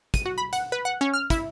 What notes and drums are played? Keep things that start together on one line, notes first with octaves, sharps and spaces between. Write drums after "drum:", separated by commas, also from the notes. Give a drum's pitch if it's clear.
D#7, drum: kick, hi-hat
F#4
B5
F#5, drum: hi-hat
B4
F#5
C#4
F6
E4, drum: kick, hi-hat